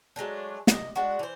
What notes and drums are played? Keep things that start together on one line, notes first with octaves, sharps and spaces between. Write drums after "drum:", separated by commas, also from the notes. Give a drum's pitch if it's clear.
F#3 G#3 A3 D4
C3 D#5, drum: snare
G#3 D4 F#4
E3 C5